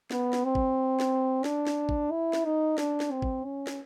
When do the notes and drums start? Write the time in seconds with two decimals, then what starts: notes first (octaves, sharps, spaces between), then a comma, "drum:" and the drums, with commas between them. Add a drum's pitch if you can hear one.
0.11 B3, drum: snare
0.33 drum: snare
0.44 C4
0.55 drum: kick
1.00 drum: snare
1.44 D4, drum: snare
1.67 drum: snare
1.89 drum: kick
2.11 E4
2.33 drum: snare
2.45 D#4
2.78 D4, drum: snare
3.00 drum: snare
3.12 C4
3.22 drum: kick
3.45 C#4
3.67 drum: snare